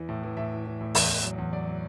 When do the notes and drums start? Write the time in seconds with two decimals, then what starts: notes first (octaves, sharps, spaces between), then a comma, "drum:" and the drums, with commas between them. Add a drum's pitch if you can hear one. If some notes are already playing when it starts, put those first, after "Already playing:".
Already playing: E2 E3
0.09 A2
0.23 E3
0.37 A2 E5
0.52 E3
0.66 E3
0.81 A2
0.95 E2, drum: open hi-hat
1.10 E2
1.24 F#3
1.38 E2
1.53 F#3 D5
1.68 F#3